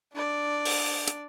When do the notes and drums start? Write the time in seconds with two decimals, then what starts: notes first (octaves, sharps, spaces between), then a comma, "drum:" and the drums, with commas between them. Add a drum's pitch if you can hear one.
0.14 D4 D5
0.65 drum: open hi-hat
1.08 drum: hi-hat